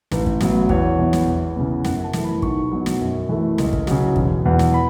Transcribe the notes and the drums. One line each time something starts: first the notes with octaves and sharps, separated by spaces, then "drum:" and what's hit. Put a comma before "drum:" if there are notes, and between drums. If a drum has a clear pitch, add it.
A1, drum: snare
drum: kick
A2 F#3 B3, drum: snare
E2 C#5, drum: kick
E3 B3
drum: snare
E2
C#3 E3 B3
F#2 F#5, drum: snare
A5
E3 A3, drum: snare
B5
B1 C#6, drum: kick
B2 F#3
drum: snare
F#2
E3 A3
C#2, drum: snare
drum: kick
C#3 F#3, drum: snare
E1, drum: kick
E2 E3
drum: snare
B5